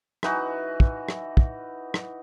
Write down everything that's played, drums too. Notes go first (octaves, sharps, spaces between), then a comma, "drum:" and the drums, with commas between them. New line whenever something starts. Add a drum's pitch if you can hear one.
E3 D#4 F#4, drum: rim click
drum: kick
drum: rim click
drum: kick
drum: rim click